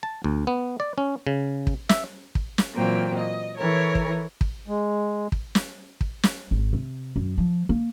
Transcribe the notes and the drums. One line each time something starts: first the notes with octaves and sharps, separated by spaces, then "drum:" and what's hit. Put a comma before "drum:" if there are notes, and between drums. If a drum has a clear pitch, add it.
A5
D2
B3
D5
C#4
C#3
drum: kick
E5, drum: snare
drum: kick
drum: snare
A#2 E3 F#3 A#3 C4 G5
D#5
E3 A4 A#4 C#5
drum: kick
drum: kick
G#3
drum: kick
drum: snare
drum: kick
drum: snare
G#1
C3
F#2
F3
A#3